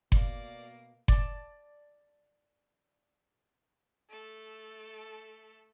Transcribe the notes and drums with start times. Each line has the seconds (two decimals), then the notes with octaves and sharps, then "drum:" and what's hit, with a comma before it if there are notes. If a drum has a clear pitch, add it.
0.12 B2 A#3 D5, drum: kick F#1
1.08 D5 A5, drum: kick F#1
4.09 A3 A4